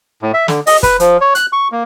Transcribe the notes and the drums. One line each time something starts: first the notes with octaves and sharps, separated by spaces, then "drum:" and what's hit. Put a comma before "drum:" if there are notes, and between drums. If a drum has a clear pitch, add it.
A2
E5
D3, drum: snare
D#5, drum: open hi-hat
B4, drum: kick, hi-hat
F3, drum: hi-hat
C#5
F#6, drum: hi-hat
C#6
A#3